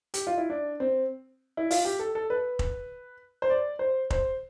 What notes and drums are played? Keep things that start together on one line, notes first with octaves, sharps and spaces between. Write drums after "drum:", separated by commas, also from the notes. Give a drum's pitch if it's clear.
G4, drum: hi-hat
F4
E4
D4
C4
E4
F4, drum: open hi-hat
G4
A4
A4
B4
drum: kick
C5
D5
C5
C5, drum: kick